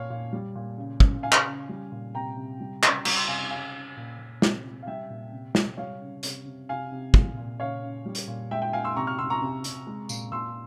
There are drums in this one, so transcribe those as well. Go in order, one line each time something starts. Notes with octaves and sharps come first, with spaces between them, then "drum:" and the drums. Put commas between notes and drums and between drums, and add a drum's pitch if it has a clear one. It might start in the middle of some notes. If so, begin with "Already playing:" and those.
Already playing: A#2 C#5 F5
A#2
G3
A#2
C#3
C#3, drum: kick
C#3 F5 G#5
drum: clap
C#3
G3
A#2
C3 G5 A#5
C3
G3
C#3, drum: clap
G3 A#5 C#6, drum: cymbal
C6 E6
C3 F5 G#5
C#3 F5 G#5
C#3
A#2
A#2
C3, drum: snare
C3
F5
G3 E5 G5
A#2
C3
C3, drum: snare
G3 C#5 F5
C#3
C3, drum: hi-hat
C3
C3 F5 G#5
C3
A#2, drum: kick
A#2
C#3 C#5 F5
C#3
G3
drum: hi-hat
A#2
G#3 E5 G5
E5 G5
A#2 F5 G#5
C6 E6
C3 A#5 C#6
C#6 F6
C3 C6 E6
A#5 C#6
C3
C3, drum: hi-hat
G#3
A#2, drum: tambourine
A#2 C6 E6